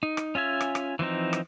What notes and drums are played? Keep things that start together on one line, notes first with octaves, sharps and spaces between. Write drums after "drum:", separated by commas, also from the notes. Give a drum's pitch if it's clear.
D#4
drum: rim click
C#4 F4 E5 G#5
drum: rim click
drum: rim click
E3 F3 C4 D#4
drum: rim click